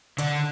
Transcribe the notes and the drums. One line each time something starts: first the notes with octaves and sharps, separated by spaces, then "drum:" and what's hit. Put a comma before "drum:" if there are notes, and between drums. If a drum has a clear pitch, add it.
D3, drum: hi-hat